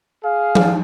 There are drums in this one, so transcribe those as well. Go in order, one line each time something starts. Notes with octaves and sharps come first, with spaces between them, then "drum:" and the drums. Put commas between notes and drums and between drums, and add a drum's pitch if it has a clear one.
G#4 F5
drum: tom F3